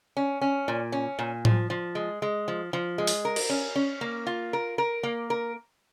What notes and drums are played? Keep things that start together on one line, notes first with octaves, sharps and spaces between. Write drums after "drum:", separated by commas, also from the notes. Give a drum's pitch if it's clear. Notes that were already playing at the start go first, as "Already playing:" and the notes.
C#4
C#4
A#2
C#4
A#2
F3, drum: tom A2
F3
G#3
G#3
F3
F3
G#3
drum: open hi-hat
A#4
drum: cymbal
C#4
C#4
A#3
F4
A#4
A#4
A#3
A#4